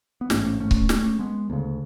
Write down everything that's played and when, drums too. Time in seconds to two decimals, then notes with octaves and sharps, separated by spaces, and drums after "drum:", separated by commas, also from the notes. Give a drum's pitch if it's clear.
0.21 B3
0.30 A1 G#2 A3 C#4, drum: snare
0.60 A3 C#4
0.71 drum: kick C#1
0.89 A3 C#4, drum: snare
1.19 G#3 B3
1.50 D2 C#3